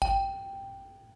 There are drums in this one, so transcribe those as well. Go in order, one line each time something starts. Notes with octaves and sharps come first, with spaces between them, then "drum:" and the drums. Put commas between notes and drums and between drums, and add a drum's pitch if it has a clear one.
G5, drum: kick G#1